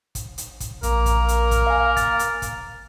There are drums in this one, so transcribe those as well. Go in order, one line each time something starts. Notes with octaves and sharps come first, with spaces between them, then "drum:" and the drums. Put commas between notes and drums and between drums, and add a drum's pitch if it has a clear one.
drum: kick, hi-hat
drum: hi-hat
drum: kick, hi-hat
A#1 A#3 A#4, drum: hi-hat
drum: kick, hi-hat
drum: hi-hat
drum: kick, hi-hat
F5 G#5
A6, drum: kick, hi-hat
drum: hi-hat
drum: kick, hi-hat